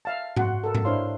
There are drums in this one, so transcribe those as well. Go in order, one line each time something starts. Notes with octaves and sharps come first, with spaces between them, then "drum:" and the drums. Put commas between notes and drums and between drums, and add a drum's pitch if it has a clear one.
E5 F5 A5
F#4 F#5 C6, drum: tom G#2
A4 A#4
drum: tom G#2
D4 E4 C5 C#5 F5 C6